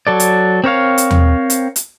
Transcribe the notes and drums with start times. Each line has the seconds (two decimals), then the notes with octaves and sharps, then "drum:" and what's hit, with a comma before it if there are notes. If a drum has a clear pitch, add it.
0.07 F#3 A4 D5
0.20 drum: hi-hat
0.64 C4 A#4 C#5 F5
0.98 drum: hi-hat
1.11 drum: tom D#2
1.50 drum: hi-hat
1.76 drum: hi-hat